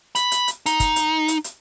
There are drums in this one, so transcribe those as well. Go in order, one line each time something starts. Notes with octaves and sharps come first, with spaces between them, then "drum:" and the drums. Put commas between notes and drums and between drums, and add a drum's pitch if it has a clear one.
B5, drum: hi-hat
drum: hi-hat
drum: hi-hat
D#4, drum: hi-hat
drum: kick, hi-hat
drum: hi-hat
drum: hi-hat
drum: hi-hat